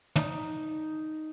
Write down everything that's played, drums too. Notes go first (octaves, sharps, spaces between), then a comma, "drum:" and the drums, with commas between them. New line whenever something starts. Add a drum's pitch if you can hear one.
D#4, drum: tom